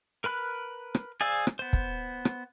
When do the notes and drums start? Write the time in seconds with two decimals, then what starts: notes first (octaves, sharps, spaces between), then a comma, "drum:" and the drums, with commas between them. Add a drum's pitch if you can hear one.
0.24 A#4 B4 B5 F#6
0.95 drum: rim click
1.21 G#4 C5 D5 F5 E6
1.47 drum: rim click
1.59 B3 C5
1.73 drum: kick
2.25 drum: rim click